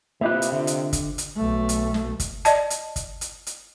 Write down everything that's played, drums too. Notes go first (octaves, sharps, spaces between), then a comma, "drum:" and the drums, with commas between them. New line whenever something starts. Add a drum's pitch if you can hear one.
C3 A#3 F4 G4 B4 D#5 E5
drum: hi-hat
D3
drum: hi-hat
drum: kick, hi-hat
drum: hi-hat
B1 A3
drum: hi-hat
drum: snare
drum: kick, hi-hat
D5 D#5 A5, drum: hi-hat
drum: hi-hat
drum: kick, hi-hat
drum: hi-hat
drum: hi-hat